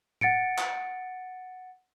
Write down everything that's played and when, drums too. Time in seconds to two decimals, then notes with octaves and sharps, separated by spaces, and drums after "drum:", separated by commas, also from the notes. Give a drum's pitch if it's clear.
0.21 F#5 A6 C#7 D7, drum: tom A2
0.58 drum: clap